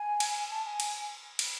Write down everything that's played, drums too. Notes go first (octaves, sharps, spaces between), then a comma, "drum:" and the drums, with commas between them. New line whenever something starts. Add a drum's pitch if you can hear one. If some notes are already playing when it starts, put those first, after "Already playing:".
Already playing: G#5
drum: cymbal
A5
G#5
drum: cymbal
drum: cymbal